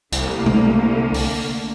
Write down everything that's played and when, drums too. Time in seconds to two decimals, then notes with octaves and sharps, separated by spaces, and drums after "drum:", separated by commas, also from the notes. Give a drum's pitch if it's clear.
0.12 C2 D3 A3 A#3, drum: hi-hat
0.46 drum: tom
1.14 drum: open hi-hat